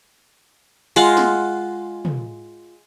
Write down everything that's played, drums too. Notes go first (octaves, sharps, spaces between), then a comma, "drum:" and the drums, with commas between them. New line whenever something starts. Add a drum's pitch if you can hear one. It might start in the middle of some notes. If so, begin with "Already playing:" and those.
G#3 F4 F5 F#5, drum: cymbal
drum: snare
drum: tom